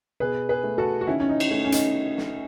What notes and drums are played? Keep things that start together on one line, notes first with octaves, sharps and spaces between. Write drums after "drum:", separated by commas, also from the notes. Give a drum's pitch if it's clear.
B2 G#4 B4
G#4 B4
A3
F#4 A4
F#4
D#3 C#4 E4
C#4
D#4
drum: cymbal
A3 C#4
C#4
D#4, drum: hi-hat
drum: snare